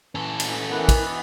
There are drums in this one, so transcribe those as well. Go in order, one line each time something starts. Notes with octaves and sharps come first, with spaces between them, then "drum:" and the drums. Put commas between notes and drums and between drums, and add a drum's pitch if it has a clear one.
E3 C#4 A4
drum: cymbal
E3 B3 A#4
drum: kick, cymbal